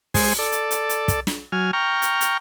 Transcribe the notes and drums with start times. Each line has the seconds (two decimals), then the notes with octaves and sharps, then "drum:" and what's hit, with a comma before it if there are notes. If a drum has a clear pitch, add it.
0.14 G#3 C5 G#5, drum: kick, open hi-hat
0.39 A4 D5
0.52 drum: hi-hat
0.71 drum: hi-hat
0.89 drum: hi-hat
1.08 drum: kick, hi-hat
1.27 drum: snare
1.52 F#3 G#5 F6
1.73 G5 A#5 C#6 F6
2.02 drum: hi-hat
2.21 drum: hi-hat